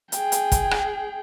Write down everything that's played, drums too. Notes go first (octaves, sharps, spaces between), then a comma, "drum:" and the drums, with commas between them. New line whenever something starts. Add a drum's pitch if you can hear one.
G#4 G5, drum: hi-hat
drum: hi-hat
drum: kick, hi-hat
drum: rim click